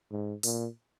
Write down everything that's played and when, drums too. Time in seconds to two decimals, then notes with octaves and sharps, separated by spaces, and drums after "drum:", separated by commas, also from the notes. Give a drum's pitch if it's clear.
0.11 G#2
0.43 A#2, drum: open hi-hat